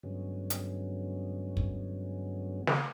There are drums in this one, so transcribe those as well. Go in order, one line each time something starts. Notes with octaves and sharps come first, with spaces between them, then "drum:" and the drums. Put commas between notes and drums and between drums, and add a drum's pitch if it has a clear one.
G2 D3 F#3 G#3 B3 C#4
drum: hi-hat
drum: kick
drum: snare